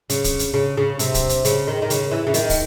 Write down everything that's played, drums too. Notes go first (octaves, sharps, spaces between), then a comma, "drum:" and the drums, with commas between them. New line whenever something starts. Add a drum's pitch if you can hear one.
C#3, drum: hi-hat
drum: kick, hi-hat
drum: hi-hat
C#3
C#3
C3, drum: hi-hat
drum: kick, hi-hat
drum: hi-hat
C#3, drum: hi-hat
D#3
D#3
C#3, drum: hi-hat
E3
C#3
D#3, drum: hi-hat
drum: kick, open hi-hat